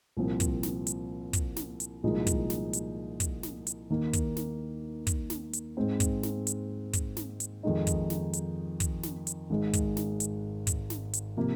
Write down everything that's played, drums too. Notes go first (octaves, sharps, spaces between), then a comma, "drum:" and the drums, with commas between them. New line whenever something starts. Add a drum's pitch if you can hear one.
C2 A#2 F3 C4
drum: kick, hi-hat
drum: snare
drum: hi-hat
drum: kick, hi-hat
drum: snare
drum: hi-hat
C2 A#2 F3 G#3 D#4
drum: kick, hi-hat
drum: snare
drum: hi-hat
drum: kick, hi-hat
drum: snare
drum: hi-hat
D#2 D#3 A#3 D#4
drum: kick, hi-hat
drum: snare
drum: kick, hi-hat
drum: snare
drum: hi-hat
G#2 G#3 C4
drum: kick, hi-hat
drum: snare
drum: hi-hat
drum: kick, hi-hat
drum: snare
drum: hi-hat
F2 D#3 G#3 D#4
drum: kick, hi-hat
drum: snare
drum: hi-hat
drum: kick, hi-hat
drum: snare
drum: hi-hat
G#1 G#2 G#3
drum: kick, hi-hat
drum: snare
drum: hi-hat
drum: kick, hi-hat
drum: snare
drum: hi-hat
C3 F3 A#3